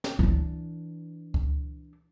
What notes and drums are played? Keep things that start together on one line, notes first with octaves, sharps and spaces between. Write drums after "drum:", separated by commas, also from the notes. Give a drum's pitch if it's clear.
drum: snare
E3 D4, drum: kick C#2
drum: kick C#2